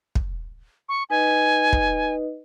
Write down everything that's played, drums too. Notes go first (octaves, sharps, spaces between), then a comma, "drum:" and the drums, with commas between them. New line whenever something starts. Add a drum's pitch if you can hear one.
drum: kick
C#6
D#4 B4 D#5 G#5
drum: kick